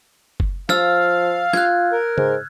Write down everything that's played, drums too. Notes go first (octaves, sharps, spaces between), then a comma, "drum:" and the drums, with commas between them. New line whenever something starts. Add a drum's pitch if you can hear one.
drum: kick F#1
F3 F5 E6 F6 A6, drum: snare
F4 F#6 G#6, drum: snare
A#4
G#2, drum: tom C#3